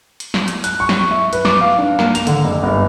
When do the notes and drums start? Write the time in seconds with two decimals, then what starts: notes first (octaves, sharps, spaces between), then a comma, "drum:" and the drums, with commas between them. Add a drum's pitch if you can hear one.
0.20 drum: hi-hat
0.34 drum: snare
0.48 drum: hi-hat
0.64 F#6, drum: hi-hat
0.80 C#6
0.89 drum: snare
1.11 E5
1.33 B4, drum: hi-hat
1.45 D6, drum: snare
1.61 F5
1.78 D4
1.99 A#3, drum: snare
2.15 F7, drum: hi-hat
2.27 D3, drum: hi-hat
2.44 F#1
2.63 G1